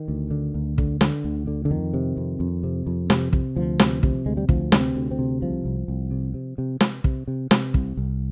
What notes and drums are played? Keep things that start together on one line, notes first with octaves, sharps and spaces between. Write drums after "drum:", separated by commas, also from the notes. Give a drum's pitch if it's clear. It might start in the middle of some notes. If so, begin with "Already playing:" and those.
Already playing: D#3
D2
D3
D2
D3, drum: kick
D3, drum: snare
D2
D3
D3
F2 D#3
C3
F2
F2
C3
F2
C3, drum: snare
C3, drum: kick
D2 F3
C3, drum: snare
C3, drum: kick
D2 G#3
G3
D2 F3, drum: kick
C3 D4, drum: snare
C4
D2
C4
C3
C2 F3
C2
C2
C3
C3
C3
C3, drum: snare
C3, drum: kick
C3
C3, drum: snare
C2, drum: kick
C2